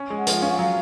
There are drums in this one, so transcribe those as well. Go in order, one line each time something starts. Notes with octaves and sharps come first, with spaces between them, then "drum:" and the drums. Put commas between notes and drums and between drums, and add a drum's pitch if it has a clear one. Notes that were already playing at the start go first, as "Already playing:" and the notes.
Already playing: C#4
G#3
F#5
F3, drum: hi-hat
C#4 F5
F#5
F#3 F5